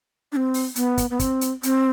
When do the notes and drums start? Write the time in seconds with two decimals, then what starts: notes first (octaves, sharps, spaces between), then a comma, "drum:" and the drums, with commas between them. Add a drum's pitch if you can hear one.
0.32 D4
0.36 C4
0.54 drum: open hi-hat
0.76 B3, drum: hi-hat
0.98 drum: kick, hi-hat
1.10 B3
1.19 C4, drum: kick, hi-hat
1.41 drum: hi-hat
1.63 C4, drum: hi-hat